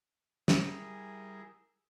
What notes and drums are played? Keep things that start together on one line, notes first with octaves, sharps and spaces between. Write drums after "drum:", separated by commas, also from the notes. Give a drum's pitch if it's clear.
G3 E4 G#4 A#4, drum: snare